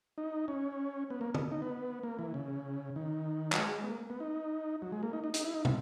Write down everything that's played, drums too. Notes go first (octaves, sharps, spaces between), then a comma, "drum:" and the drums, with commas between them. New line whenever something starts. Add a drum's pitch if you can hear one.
D#4
C#4
B3
A#3
drum: tom
D#4
B3
A#3
E3
C#3
D#3
F#3, drum: clap
G#3
B3
A#3
B3
D#4
F#3
G#3
A#3
D#4
D#4
D#4, drum: hi-hat
E4
D#4
E4, drum: tom